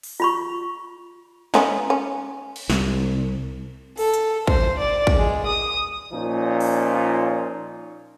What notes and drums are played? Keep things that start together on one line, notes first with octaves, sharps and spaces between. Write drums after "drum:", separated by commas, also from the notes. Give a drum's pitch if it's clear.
drum: open hi-hat
F4 B5 C#6
B3 C#4 D#4, drum: snare
C#4
drum: cymbal
C2, drum: snare
A4, drum: open hi-hat
drum: hi-hat
C5, drum: kick
D5
drum: kick
G#3
D#6
A#2 F3 C#4 D#4
drum: open hi-hat